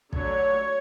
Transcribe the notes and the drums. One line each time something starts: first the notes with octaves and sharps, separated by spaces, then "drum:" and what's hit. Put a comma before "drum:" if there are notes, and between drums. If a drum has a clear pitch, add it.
D3 F#3 A3 C#5, drum: kick